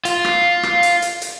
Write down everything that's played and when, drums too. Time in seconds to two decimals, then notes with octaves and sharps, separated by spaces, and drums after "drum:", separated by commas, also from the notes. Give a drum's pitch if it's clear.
0.05 F4, drum: hi-hat
0.25 drum: rim click
0.63 drum: rim click
0.83 drum: hi-hat
1.02 drum: hi-hat
1.22 drum: hi-hat